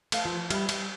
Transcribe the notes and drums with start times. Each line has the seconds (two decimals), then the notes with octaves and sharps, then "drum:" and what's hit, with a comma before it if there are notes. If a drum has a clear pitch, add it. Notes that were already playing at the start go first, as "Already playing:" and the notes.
0.12 A3 B4 F5 A5, drum: cymbal
0.25 F3
0.50 G3 B4 E5 B5, drum: cymbal
0.69 G3, drum: cymbal